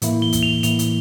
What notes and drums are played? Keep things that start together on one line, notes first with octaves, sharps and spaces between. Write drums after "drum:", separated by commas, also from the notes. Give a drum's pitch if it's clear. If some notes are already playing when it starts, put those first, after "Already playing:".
A2 E3 A#3 E4, drum: hi-hat
G7
drum: kick, hi-hat
F7
A2 E3 A#3 E4 F7, drum: hi-hat
drum: hi-hat